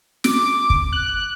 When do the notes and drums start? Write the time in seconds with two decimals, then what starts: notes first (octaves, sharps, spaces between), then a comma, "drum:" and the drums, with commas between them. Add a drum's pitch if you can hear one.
0.24 D6, drum: snare
0.70 drum: kick
0.93 F#6